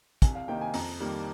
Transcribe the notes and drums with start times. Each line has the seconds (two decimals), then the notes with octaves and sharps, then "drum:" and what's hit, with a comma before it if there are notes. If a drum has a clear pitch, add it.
0.22 C2 G#5, drum: kick, hi-hat
0.35 F5
0.48 C3 D#3 A#3 D#4 G5
0.61 G#5
0.74 F2 A#5, drum: open hi-hat
1.00 D#3 G3 A#3